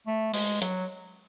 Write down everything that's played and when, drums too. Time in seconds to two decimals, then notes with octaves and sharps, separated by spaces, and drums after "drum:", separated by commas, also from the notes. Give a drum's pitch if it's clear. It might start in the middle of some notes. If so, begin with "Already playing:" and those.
0.07 A3
0.33 G#3, drum: open hi-hat
0.62 F#3, drum: hi-hat